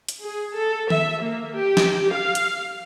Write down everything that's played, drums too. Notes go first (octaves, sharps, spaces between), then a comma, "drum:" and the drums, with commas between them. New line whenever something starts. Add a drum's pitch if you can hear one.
drum: hi-hat
G#4
A4
E5, drum: tom D#3
A#3
G4
drum: snare
F5
drum: hi-hat